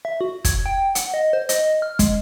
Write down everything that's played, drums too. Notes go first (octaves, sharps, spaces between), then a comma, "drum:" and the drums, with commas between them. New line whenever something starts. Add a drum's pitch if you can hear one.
E5
F#4
G#6, drum: kick, hi-hat
G5
F#5, drum: hi-hat
D#5
C5
D#5, drum: hi-hat
F6
G#3, drum: kick, hi-hat